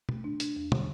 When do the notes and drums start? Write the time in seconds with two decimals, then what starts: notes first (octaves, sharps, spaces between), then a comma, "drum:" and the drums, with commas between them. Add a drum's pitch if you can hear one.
0.09 A3, drum: tom
0.24 D4
0.40 D4, drum: hi-hat
0.56 E2
0.72 D3, drum: tom